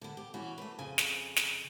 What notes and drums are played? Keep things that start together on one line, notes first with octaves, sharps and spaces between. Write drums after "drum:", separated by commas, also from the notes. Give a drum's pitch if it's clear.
D3 B3
G4
E3 B3 C#4 F#4
A3 B4
F2 C#3 G#5
drum: snare
drum: snare